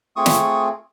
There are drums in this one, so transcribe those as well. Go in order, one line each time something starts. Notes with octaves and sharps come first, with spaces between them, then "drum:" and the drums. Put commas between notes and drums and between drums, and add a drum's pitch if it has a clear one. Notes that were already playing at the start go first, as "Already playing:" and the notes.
A3 C4 F4 G#4 C#6 D#6
drum: snare